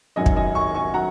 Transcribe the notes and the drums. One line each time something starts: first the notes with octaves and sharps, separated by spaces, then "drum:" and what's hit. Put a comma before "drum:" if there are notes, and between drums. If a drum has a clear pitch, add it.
G#1 F#2 F#3 D#5 G#5
drum: kick
D#5 G#5
G#5 C#6
G#5 C#6
F#3 F#5 A#5